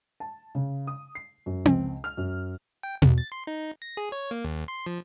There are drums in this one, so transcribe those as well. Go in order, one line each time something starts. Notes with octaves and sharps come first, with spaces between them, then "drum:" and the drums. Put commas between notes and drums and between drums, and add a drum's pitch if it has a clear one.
A5
C#3
D#6
C7
F#2
C#2, drum: tom C4
F6
F#2
G5
C2, drum: tom B2
A6
C6
D#4
A#6
G#4
C#5
A#3
D#2
C6
F3